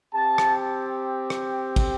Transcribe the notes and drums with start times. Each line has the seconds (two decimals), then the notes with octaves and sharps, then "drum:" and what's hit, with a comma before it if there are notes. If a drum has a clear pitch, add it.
0.15 C4 G4 A5
0.38 drum: rim click
1.30 drum: rim click
1.76 drum: kick, cymbal